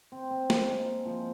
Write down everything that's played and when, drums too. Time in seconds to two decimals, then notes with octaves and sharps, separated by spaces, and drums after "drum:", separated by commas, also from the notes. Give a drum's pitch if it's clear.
0.12 C4
0.31 C4
0.50 A#3, drum: snare
0.68 G#3
1.06 F3